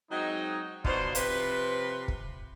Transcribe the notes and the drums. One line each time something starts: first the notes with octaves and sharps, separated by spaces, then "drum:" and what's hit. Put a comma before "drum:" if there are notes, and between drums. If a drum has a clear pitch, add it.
F#3 G#3 C4 D#4
B2 D4 D#4 F4 C5, drum: kick
C3 F3 F4 B4, drum: hi-hat
drum: kick